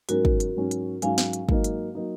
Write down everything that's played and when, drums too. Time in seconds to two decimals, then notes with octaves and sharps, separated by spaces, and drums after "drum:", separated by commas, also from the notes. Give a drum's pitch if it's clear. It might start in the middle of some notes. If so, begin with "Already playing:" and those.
0.09 G#2 F#3 C#4 F#4 A#4, drum: hi-hat
0.25 drum: kick
0.40 drum: hi-hat
0.56 G#2 F#3 C#4
0.71 drum: hi-hat
1.02 G#2 F#3 C#4 F5 G#5, drum: hi-hat
1.18 drum: snare
1.33 drum: hi-hat
1.49 G#2 F#3 A#3 D#4, drum: kick
1.64 drum: hi-hat
1.95 F#3 A#3 D#4